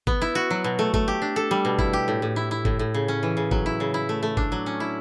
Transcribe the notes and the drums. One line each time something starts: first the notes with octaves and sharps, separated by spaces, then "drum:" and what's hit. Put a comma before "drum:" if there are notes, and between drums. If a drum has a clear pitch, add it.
B3, drum: kick
E4
F#4
F#3
B2
A3
A3, drum: kick
G4
D4
A4
G3
B2
E4, drum: kick
G4
A2
A2
E4
E4
A2, drum: kick
A2
C#3
C#4
E3
C#3
F#3, drum: kick
E4
C#3
E4
A3
A3
D4, drum: kick
F#3
C#4
E4